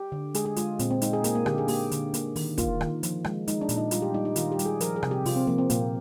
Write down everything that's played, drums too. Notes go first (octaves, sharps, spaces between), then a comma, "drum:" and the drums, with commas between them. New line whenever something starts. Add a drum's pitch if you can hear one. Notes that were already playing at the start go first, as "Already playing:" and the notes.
Already playing: G4
D3
G#3 G#4, drum: hi-hat
G#4
G#3 F4, drum: hi-hat
A#2 C4, drum: hi-hat
C4
G#3 D#4, drum: hi-hat
G#4
A#3 G#4, drum: hi-hat
A#3
D3 G4, drum: rim click
G#4
A#3 G4, drum: open hi-hat
D3, drum: hi-hat
A#3, drum: hi-hat
D#3, drum: open hi-hat
A#3 F4, drum: kick, hi-hat
D#3, drum: rim click
F3, drum: hi-hat
G#3, drum: rim click
G#3 D#4, drum: hi-hat
D4
A#2, drum: hi-hat
D#4
G3 F4, drum: hi-hat
G4
G3 D#4
D#4
D#3 F4, drum: hi-hat
G4
G3, drum: hi-hat
G#4
F3 A#4, drum: hi-hat
G#4
C3, drum: rim click
G4
C3 F4, drum: open hi-hat
C4
F3 A#3
C4
A#2 A#3, drum: hi-hat